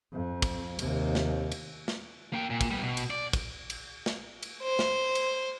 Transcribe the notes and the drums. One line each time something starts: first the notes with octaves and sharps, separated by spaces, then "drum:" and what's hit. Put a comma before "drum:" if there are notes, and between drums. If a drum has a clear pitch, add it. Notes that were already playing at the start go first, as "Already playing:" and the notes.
F2
drum: kick, cymbal
D#2 C3, drum: cymbal
drum: snare
drum: cymbal
drum: snare
A#3 G5
A#2
drum: kick, cymbal
G3 B3
B2
drum: cymbal
D5
drum: kick, cymbal
drum: cymbal
drum: snare
drum: cymbal
C5
drum: snare
drum: cymbal